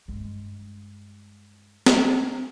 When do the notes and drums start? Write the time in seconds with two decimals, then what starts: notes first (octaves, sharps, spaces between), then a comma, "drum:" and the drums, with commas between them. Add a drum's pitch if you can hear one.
0.08 G2 G#3
1.86 drum: snare